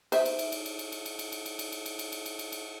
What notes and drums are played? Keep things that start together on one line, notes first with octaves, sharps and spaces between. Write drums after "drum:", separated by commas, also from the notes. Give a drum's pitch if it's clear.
C5 E5, drum: cymbal
drum: cymbal
drum: cymbal
drum: cymbal
drum: cymbal
drum: cymbal
drum: cymbal
drum: cymbal
drum: cymbal
drum: cymbal
drum: cymbal
drum: cymbal
drum: cymbal
drum: cymbal
drum: cymbal
drum: cymbal
drum: cymbal
drum: cymbal
drum: cymbal